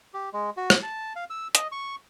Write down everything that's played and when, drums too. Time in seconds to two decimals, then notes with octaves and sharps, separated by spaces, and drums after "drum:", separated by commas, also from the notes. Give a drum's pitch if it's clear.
0.14 G4
0.33 G#3
0.57 F#4
0.70 drum: rim click
0.83 A5
1.16 F5
1.30 E6
1.55 D#5, drum: hi-hat
1.72 C#6